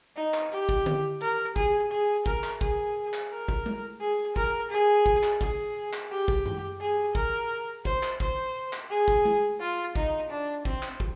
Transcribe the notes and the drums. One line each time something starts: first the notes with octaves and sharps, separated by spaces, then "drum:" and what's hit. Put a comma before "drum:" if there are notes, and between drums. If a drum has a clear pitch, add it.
D#4
drum: clap
G4
drum: kick
drum: tom D3
A#4
G#4, drum: kick
G#4
A#4, drum: kick
drum: clap
G#4, drum: kick
drum: clap
A#4
drum: kick
drum: tom G#3
G#4
A#4, drum: kick
G#4
drum: kick
drum: clap
G#4, drum: kick
drum: clap
G4
drum: kick
drum: tom F#2
G#4
A#4, drum: kick
C5, drum: kick
drum: clap
C5, drum: kick
drum: clap
G#4
drum: kick
drum: tom G#3
F4
D#4, drum: kick
D4
C4, drum: kick
drum: clap
drum: kick